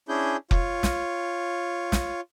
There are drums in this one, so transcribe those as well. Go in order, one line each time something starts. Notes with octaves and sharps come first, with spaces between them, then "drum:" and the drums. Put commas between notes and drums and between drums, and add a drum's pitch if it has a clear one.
C#4 D4 E4 G#4 G6
F4 C#5, drum: kick F1
drum: snare
drum: snare